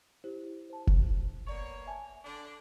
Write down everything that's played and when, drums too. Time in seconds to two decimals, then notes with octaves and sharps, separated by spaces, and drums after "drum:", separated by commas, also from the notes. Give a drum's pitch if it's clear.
0.24 E4 G4 C5
0.70 C5 A5
0.87 drum: kick F1
1.47 A#3 B3 C#5 D5 C#6
1.86 E5 G#5 A5
2.25 D3 D4